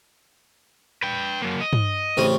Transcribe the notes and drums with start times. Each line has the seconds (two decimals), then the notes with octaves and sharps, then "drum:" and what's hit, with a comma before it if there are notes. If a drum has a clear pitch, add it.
1.02 B4 G5
1.42 F#3 A#3
1.61 D#5
1.73 drum: tom
2.17 A1 C#3 C4